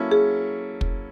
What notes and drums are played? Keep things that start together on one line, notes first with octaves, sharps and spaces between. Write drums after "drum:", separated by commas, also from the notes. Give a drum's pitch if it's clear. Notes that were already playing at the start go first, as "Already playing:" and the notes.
Already playing: F#3 A#3 C#4 E4 A4
G#4
drum: kick